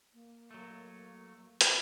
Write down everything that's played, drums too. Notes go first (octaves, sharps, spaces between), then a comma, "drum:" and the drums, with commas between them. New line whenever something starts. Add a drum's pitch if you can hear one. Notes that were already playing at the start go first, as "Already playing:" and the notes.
A#3
F#3 A3
drum: hi-hat